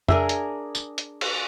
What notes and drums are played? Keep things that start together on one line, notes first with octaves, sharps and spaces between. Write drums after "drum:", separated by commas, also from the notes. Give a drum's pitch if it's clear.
D4 G#4 A#4 E5, drum: tom F2
drum: hi-hat
drum: tambourine
drum: hi-hat
drum: cymbal